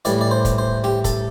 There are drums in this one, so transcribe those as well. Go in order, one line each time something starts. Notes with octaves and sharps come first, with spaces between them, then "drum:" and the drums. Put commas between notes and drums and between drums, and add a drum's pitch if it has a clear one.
A2 E3 G3 D5, drum: hi-hat
D5
C5
drum: kick, hi-hat
C5
G4, drum: snare
A4, drum: kick, hi-hat